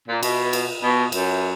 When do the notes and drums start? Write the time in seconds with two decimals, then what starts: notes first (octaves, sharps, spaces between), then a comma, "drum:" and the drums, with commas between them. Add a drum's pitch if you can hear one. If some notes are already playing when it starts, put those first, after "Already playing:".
0.08 A#2
0.23 B2, drum: cymbal
0.53 drum: cymbal
0.83 B2
1.12 F#2, drum: cymbal